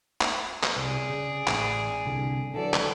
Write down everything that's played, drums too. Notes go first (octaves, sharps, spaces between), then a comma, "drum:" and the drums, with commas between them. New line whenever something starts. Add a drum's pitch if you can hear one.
drum: clap
drum: clap
C2 G#4 D5
C#3
A1, drum: clap
C2 D3 G#5
D3 E3 F#3 A4 D5
drum: clap